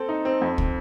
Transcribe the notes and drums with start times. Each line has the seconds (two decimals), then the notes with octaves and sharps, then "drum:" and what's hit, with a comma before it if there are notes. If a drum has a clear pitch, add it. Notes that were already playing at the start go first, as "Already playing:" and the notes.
Already playing: C4 A4
0.09 D#4
0.25 C4
0.42 F2
0.58 drum: kick